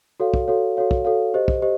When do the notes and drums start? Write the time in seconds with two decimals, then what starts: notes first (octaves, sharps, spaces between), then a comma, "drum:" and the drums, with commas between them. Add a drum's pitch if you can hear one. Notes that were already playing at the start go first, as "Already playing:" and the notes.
0.20 F#4 A4 C#5 F5
0.34 drum: kick
0.48 F#4 A4 C#5 F5
0.77 F#4 A4 C#5 F5
0.91 drum: kick
1.05 F#4 A4 C#5 F5
1.34 G4 C5 D#5
1.48 drum: kick
1.62 G4 C5 D#5